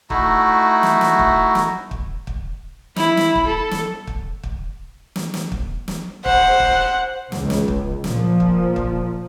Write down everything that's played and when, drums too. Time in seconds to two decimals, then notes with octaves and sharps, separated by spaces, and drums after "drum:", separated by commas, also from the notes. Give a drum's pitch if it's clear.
0.10 A3 D#4 E4 F#4, drum: kick
0.83 drum: snare
1.01 drum: snare
1.19 drum: kick
1.55 drum: snare
1.91 drum: kick
2.27 drum: kick
2.96 E4 B5, drum: snare
3.17 drum: snare
3.35 drum: kick
3.48 A4
3.71 drum: snare
4.07 drum: kick
4.43 drum: kick
5.16 drum: snare
5.34 drum: snare
5.52 drum: kick
5.88 drum: snare
6.26 C5 F#5, drum: kick
6.60 drum: kick
7.32 C#2, drum: snare
7.50 drum: snare
7.68 drum: kick
8.04 A#2 F3, drum: snare
8.40 drum: kick
8.76 drum: kick